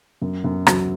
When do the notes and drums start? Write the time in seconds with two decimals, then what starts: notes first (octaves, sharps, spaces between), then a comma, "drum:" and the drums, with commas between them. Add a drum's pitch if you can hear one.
0.22 F#2
0.44 F#2
0.67 F#3, drum: rim click